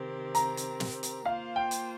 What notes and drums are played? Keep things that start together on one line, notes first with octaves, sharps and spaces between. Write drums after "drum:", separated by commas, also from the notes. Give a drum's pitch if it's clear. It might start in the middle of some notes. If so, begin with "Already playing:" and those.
Already playing: C3 D#3 C4 G4 A#4
A#5, drum: hi-hat
drum: hi-hat
drum: snare
drum: hi-hat
A#3 F4 C5 F5
G5
drum: hi-hat